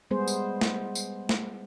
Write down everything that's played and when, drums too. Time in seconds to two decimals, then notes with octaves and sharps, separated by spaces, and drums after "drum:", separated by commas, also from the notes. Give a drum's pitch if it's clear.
0.11 G3 G#3 B3 G#4 C5
0.28 drum: tambourine
0.61 drum: snare
0.95 drum: tambourine
1.29 drum: snare